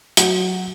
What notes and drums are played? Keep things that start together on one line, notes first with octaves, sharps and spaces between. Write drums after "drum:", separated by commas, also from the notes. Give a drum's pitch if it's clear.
F#3, drum: hi-hat